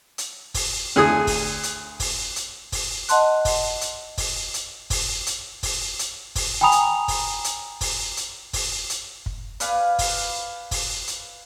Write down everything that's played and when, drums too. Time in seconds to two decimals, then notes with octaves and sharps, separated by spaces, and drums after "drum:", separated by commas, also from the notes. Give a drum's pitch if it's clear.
0.18 drum: hi-hat
0.54 drum: kick, open hi-hat
0.96 D2 G#4 D#6
1.27 drum: kick, open hi-hat
1.63 drum: hi-hat
2.00 drum: kick, open hi-hat
2.36 drum: hi-hat
2.72 drum: kick, open hi-hat
3.09 D#5 F#5 A5 C6 F#6, drum: hi-hat
3.45 drum: kick, open hi-hat
3.81 drum: hi-hat
4.18 drum: kick, open hi-hat
4.54 drum: hi-hat
4.90 drum: kick, open hi-hat
5.26 drum: hi-hat
5.63 drum: kick, open hi-hat
5.99 drum: hi-hat
6.35 drum: kick, open hi-hat
6.61 G5 G#5 A#5 B5 D#6 F7
6.72 drum: hi-hat
7.08 drum: kick, open hi-hat
7.44 drum: hi-hat
7.81 drum: kick, open hi-hat
8.17 drum: hi-hat
8.53 drum: kick, open hi-hat
8.90 drum: hi-hat
9.26 drum: kick
9.60 B4 D5 F5 G#5, drum: hi-hat
9.99 drum: kick, open hi-hat
10.71 drum: kick, open hi-hat
11.08 drum: hi-hat